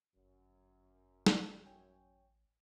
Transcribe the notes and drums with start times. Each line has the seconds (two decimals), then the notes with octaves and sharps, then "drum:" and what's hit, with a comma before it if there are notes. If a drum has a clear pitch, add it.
0.16 G1 F#2
1.26 drum: snare
1.66 A1 C#5 G5 G#5